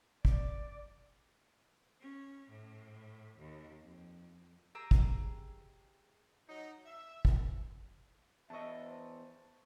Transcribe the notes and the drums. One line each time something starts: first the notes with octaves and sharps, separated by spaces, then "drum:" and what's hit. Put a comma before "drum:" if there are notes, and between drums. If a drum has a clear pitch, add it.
D5, drum: kick
C#4
A2
D#2
F2
G4 G#4 A#5 E6
drum: kick
F#3 D#4
E5
drum: kick
E2 D#5 E5 A5 C#6
C5